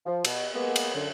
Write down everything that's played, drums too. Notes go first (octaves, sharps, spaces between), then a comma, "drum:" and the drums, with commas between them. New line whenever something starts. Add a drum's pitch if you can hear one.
F3
B2, drum: cymbal
G#3 A#3 B3
drum: cymbal
F#2 D3